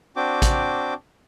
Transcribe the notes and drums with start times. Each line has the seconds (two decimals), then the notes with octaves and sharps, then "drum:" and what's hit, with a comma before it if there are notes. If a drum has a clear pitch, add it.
0.16 C4 D4 F#4 G5 D6
0.42 drum: kick A1, hi-hat